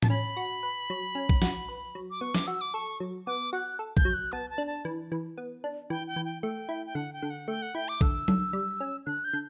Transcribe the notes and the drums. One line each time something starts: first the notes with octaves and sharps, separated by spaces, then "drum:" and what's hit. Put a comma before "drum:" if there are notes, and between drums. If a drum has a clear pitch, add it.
A5, drum: tom A2
C#4 B5
F#4
B4
F#3
C#4
drum: kick
F#4, drum: snare
B4
F#3
D6
B3 C#6
D6, drum: snare
F#4 E6
D6
A4 C#6
F#3
B3 D6
F#4 F#6
A4
G6, drum: kick
F#3
F#6
B3 A5
A5
D4
A5
E3
E3
B3
D4
E3 G5
G5
E3
G5
A3 G5
E4
G5
D3 F#5
G5
D3
F#5
A3 G5
F#5
E4 G5
D6
D3 E6, drum: kick
D3, drum: tom F#3
G3
C#4
D3 F#6
G6
D3